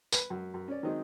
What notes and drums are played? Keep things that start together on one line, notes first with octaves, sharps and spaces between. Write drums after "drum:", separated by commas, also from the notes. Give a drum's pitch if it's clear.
B4, drum: tambourine
F#2
F#2
C#4 D5
D#3 F#3 G#3 C4 D#4 D#5